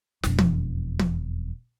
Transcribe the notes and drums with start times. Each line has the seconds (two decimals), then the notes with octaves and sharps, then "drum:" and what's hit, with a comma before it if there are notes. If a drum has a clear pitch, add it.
0.23 E1 F2, drum: snare
0.38 drum: tom
0.99 drum: tom